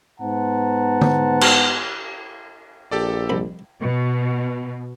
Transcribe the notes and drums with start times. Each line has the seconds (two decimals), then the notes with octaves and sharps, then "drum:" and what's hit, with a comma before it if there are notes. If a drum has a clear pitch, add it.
0.20 G#2 B3 C5 F#5 A5 A#5
1.01 drum: tom D3
1.41 drum: cymbal
2.91 A#1 G4 A4 D5
3.30 C2 F2 B5
3.80 B2